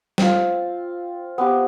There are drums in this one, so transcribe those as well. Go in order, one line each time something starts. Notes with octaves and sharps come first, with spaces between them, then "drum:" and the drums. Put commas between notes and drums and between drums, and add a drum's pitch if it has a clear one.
C4 F4, drum: snare
B3 C4 G4